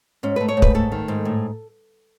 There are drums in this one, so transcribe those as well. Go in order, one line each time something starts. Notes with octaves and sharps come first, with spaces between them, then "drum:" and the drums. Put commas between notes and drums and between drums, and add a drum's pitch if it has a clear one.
G#2 C#4
A3 B4
C#5
G#2
B4, drum: kick
A3 A4
D#3
G#2
A2